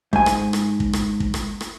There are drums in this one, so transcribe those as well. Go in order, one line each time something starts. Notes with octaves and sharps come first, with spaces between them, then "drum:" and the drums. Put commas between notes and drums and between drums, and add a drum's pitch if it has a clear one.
G#2 G#5, drum: kick
drum: rim click
drum: rim click
drum: kick
drum: rim click
drum: kick
drum: rim click
drum: rim click